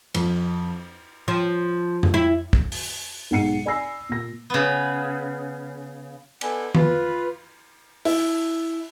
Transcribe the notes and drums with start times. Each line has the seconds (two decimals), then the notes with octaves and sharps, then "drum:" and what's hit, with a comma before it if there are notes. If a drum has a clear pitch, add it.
0.14 F2, drum: cymbal
1.28 F3
2.03 drum: tom F2
2.14 E4
2.53 drum: kick
2.72 drum: open hi-hat
3.31 B1 G#2 F#5 C7 C#7 D#7
3.66 D5 G#5 B5 E6 A#6 C7
4.09 A#2 A#6
4.50 C#3 B3
6.41 B3 A4 D5 F#5 G#5, drum: cymbal
6.75 F4 B4, drum: tom D#3
8.05 E4, drum: open hi-hat